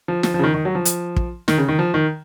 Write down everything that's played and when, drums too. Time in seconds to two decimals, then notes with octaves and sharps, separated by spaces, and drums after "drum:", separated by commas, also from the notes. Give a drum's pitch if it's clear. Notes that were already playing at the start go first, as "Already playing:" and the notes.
0.08 F3
0.23 F3, drum: snare
0.34 F3
0.39 C#3
0.44 D#3
0.54 D#3
0.65 F#3
0.75 F3
0.85 drum: hi-hat
1.16 drum: kick
1.48 D#3, drum: snare
1.58 C#3
1.68 D#3
1.79 F3
1.94 D#3